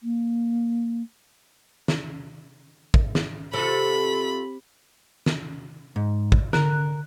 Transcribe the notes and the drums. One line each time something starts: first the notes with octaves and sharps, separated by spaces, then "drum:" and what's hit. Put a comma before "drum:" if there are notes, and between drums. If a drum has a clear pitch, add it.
A#3
drum: snare
drum: kick
drum: snare
C3 F4 A4 B5
drum: snare
G#2
drum: kick
D3 A#4 F#6, drum: snare